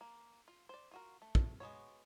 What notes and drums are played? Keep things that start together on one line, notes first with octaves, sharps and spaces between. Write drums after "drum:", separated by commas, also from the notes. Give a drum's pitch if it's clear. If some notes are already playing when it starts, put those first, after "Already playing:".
A#3
F4
C5 D5
F4 F#4 A#4
A3
drum: kick
G#3 B3 F#4 C#5